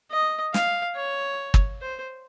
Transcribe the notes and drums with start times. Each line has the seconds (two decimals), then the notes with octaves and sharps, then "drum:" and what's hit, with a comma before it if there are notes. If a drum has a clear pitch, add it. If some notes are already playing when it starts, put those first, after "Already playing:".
0.11 D#5
0.54 F5, drum: snare
0.96 C#5
1.54 drum: kick
1.82 C5